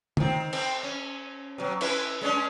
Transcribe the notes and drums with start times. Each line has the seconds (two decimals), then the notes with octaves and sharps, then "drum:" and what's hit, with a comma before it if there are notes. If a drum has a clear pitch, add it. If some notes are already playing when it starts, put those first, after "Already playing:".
0.17 D#3 C4, drum: tom C#3
0.53 C4, drum: cymbal
0.83 C#4
1.58 B2 F#3
1.81 C#4 E4 B4, drum: cymbal
2.21 G#3 C#4 D4